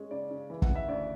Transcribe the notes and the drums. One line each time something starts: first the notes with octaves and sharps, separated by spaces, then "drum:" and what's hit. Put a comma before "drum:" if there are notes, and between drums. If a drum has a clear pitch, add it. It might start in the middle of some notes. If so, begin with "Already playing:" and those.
Already playing: G#3 C#4
C#3 D5
C#3
E3
F#5, drum: kick G1
C#3
E5
D2 D5